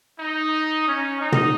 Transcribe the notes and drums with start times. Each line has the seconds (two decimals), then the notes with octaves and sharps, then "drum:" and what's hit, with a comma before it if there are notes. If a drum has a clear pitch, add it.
0.20 D#4
0.87 C#4
1.20 D#4
1.32 drum: tom